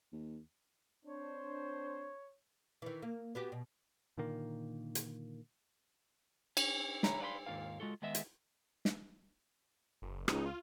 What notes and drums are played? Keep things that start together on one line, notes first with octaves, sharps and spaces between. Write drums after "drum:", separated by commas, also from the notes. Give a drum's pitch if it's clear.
D#2
C4 D4 C5 C#5
D#3 E3
A#3
B3 F#4 G4
B2
A#2 D3 D#3 A#3
drum: hi-hat
C#4, drum: cymbal
D3 A4 C#5 E5 A#5 B5, drum: snare
B4 D5 F5 G5 B5 C6
D#2 G#2 A#3 F4 A#4 F5
G#3 F4 F#4 A4
D#3 G#3 B3 D#5 E5
drum: hi-hat
drum: snare
F#1
C#2 D#4, drum: rim click
F4